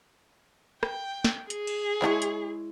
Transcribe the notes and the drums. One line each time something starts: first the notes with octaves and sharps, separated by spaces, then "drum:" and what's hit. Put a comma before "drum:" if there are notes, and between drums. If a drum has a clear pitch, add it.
G5, drum: rim click
drum: snare
G#4, drum: hi-hat
drum: cymbal
G#3 E4 C#5, drum: clap
drum: hi-hat